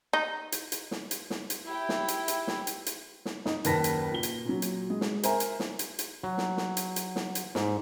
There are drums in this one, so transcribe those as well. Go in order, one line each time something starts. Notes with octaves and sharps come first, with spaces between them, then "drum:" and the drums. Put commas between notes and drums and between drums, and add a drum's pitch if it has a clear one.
D#4
drum: hi-hat
drum: hi-hat
drum: snare
drum: hi-hat
drum: snare
drum: hi-hat
E4 G4 G5
drum: snare
drum: hi-hat
drum: hi-hat
drum: snare
drum: hi-hat
drum: hi-hat
drum: snare
D#4, drum: snare
F#1 D#2 B4 A5 A#6 B6, drum: hi-hat
drum: hi-hat
A#2 G7
drum: hi-hat
A#2 F#3
drum: hi-hat
G#3
drum: snare
A#4 C5 E5 G#5 A#5, drum: hi-hat
drum: hi-hat
drum: snare
drum: hi-hat
drum: hi-hat
F#3
drum: snare
drum: snare
drum: hi-hat
drum: hi-hat
drum: snare
drum: hi-hat
G#2, drum: snare